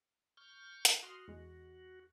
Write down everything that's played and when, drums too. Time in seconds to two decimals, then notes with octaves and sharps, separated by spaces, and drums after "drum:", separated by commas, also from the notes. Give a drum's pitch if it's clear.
0.37 C#6 F6 G6
0.85 drum: hi-hat
1.03 F#4 C6 D#6 F6
1.28 E2 G#3